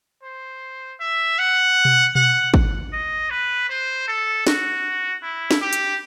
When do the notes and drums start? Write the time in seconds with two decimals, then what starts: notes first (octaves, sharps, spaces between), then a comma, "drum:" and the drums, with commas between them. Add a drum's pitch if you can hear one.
0.23 C5
1.00 E5
1.38 F#5
1.85 drum: tom B2
2.15 F#5, drum: tom B2
2.54 drum: kick
2.93 D#5
3.30 B4
3.69 C5
4.08 A4
4.47 F#4, drum: snare
5.23 E4
5.51 drum: snare
5.61 G4
5.73 drum: hi-hat